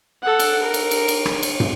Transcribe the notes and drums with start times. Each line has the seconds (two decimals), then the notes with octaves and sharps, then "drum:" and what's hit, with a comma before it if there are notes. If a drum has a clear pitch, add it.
0.22 A4 F#5
0.39 drum: cymbal
0.63 A#4
0.74 drum: cymbal
0.91 drum: cymbal
1.08 drum: cymbal
1.25 drum: rim click
1.43 drum: cymbal
1.60 drum: tom